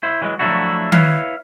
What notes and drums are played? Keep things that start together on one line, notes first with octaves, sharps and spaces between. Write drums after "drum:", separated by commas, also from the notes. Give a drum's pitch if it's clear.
E4 C5
E3 F#3 G#3
F3 F#3 A3 D4 E4 F#4
E4 B4 C#5 F5, drum: tom D#3